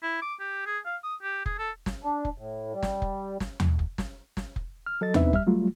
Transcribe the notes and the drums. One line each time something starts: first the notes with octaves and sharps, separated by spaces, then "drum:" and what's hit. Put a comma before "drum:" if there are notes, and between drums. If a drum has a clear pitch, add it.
E4
D6
G4
G#4
F5
D#6
G4
G#4, drum: kick F1
A4
drum: snare
D4
drum: kick F1
A2
G3
drum: snare
drum: kick F1
drum: snare
drum: tom
drum: kick F1
drum: snare
drum: snare
drum: kick F1
F6
F#3 A4 D#5 A6
B3 C4 D4 D#4 B4 E5, drum: tom
G3 E5 F6, drum: kick F1
F#3 G3 A3 F4